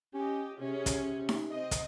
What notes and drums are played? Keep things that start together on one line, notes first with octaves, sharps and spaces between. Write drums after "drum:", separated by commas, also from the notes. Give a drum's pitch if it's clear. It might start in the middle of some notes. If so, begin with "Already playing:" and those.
C#4 G4 D#5
C3 C#4 G#4
drum: kick, hi-hat
drum: snare D#4
C4 D#5
drum: kick, hi-hat